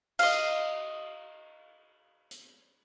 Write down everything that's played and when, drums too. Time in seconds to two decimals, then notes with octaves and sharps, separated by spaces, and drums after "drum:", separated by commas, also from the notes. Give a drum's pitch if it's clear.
0.19 D#5 F5, drum: cymbal
2.31 drum: hi-hat